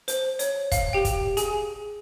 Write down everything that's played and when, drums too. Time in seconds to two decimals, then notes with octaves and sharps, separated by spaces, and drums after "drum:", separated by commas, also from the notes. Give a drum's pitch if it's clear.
0.08 C5, drum: hi-hat
0.39 C#5, drum: hi-hat
0.72 F5, drum: kick, hi-hat
0.93 G4 G5
1.05 drum: kick, hi-hat
1.37 G#4 G#5, drum: hi-hat